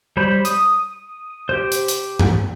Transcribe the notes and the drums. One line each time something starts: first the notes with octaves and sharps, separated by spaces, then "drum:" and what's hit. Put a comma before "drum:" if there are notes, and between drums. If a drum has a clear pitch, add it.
G3 C5 C#5 B5 G6
D#6, drum: hi-hat
G4 C5
drum: hi-hat
drum: hi-hat
drum: tom G2